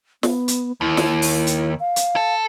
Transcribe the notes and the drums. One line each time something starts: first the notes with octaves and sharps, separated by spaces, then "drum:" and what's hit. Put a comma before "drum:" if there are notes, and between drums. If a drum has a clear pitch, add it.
B3, drum: snare
drum: hi-hat
D#2 E4
drum: snare
drum: open hi-hat
drum: hi-hat
F5
drum: hi-hat
A4